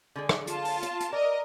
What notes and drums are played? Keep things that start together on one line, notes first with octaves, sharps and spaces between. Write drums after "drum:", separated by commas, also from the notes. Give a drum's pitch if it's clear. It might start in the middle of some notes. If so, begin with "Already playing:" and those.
D3 G#3 G#4
drum: rim click
F4 A5, drum: hi-hat
drum: open hi-hat
drum: hi-hat
drum: hi-hat
A#4 D5 D#5